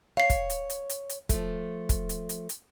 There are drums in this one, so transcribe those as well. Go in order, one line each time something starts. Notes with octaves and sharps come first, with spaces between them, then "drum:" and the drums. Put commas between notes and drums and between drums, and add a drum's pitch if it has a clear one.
C#5 F5 C7
drum: kick, hi-hat
drum: hi-hat
drum: hi-hat
drum: hi-hat
drum: hi-hat
F3 A3, drum: kick, hi-hat
drum: kick, hi-hat
drum: hi-hat
drum: hi-hat
drum: hi-hat